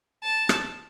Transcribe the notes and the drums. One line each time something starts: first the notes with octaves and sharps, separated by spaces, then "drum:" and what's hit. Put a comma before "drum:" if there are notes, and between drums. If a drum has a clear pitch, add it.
A5
drum: rim click